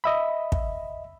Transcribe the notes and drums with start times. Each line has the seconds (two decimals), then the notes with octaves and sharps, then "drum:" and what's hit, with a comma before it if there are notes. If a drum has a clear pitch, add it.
0.04 D#5 E5 B5
0.52 drum: kick